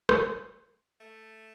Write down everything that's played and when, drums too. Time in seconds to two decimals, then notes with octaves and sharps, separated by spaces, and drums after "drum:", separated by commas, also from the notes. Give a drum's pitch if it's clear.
0.09 C4, drum: rim click
1.00 A3